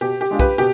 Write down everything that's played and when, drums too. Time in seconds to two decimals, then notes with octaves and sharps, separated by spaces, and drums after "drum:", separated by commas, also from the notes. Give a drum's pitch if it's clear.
0.01 B2 G4
0.21 G4
0.31 G#3 D4 F4
0.39 G4 B4, drum: kick
0.58 B2 G4